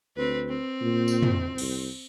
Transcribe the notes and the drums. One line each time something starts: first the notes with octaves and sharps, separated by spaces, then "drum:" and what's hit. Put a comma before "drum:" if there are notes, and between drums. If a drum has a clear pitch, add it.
D2 C4 B4
C4
A#2
drum: tambourine
drum: tom
C2, drum: cymbal